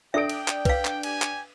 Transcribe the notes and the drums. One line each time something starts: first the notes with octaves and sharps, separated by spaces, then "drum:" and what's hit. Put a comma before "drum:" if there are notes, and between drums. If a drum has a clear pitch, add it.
D4 A4 E5 G5 D#6 D7
drum: cymbal
drum: clap
B4 F5, drum: kick, cymbal
drum: clap
G4 G#5, drum: cymbal
drum: clap